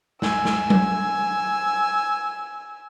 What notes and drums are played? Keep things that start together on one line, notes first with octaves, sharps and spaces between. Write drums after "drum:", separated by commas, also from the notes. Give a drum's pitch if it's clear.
G#5 E6, drum: snare
drum: snare
drum: tom F#3